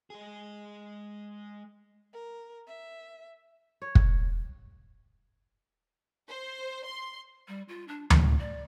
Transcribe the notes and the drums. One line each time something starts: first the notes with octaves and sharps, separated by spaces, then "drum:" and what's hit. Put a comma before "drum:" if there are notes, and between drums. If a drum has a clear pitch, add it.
G#3 G#4
A#4
E5
C#5
drum: kick
C5
C6
G3
F4
D4
A3, drum: tom D2
D5